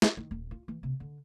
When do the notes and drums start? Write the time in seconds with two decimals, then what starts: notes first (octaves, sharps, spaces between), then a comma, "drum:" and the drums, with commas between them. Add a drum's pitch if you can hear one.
0.02 drum: snare
0.17 D#3
0.31 D#1
0.51 F4
0.68 E3
0.83 C3
1.00 D3